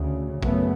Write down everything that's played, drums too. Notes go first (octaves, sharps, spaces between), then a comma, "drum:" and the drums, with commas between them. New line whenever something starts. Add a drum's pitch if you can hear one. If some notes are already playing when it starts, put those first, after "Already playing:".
Already playing: D2 C#3
F#2 C#3 A3 B3, drum: kick A#1